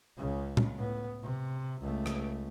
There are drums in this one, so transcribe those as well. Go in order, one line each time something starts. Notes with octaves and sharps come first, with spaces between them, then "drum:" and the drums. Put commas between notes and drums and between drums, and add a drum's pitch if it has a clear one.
C#2 C#3
drum: tom A#2
A2 B3
C3
C#2 A3
drum: rim click